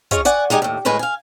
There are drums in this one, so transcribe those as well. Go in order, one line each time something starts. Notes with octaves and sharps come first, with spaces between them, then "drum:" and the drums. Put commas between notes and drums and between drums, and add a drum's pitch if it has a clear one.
C#4 F4 G#4 C#5 D#5, drum: kick, hi-hat
D5 F#5 G#5, drum: hi-hat
G#3 D#4 G4 D#5 G#5
D#2 A2
D2 A2 G#3 B4 G#5
F5 G#5